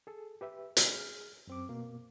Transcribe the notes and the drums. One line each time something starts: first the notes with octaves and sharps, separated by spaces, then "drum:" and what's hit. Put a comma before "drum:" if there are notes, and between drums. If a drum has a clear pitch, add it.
G#4 A4
G4 B4 E5
drum: hi-hat
G#4 F6
F#2 C4 D6
B2 A#3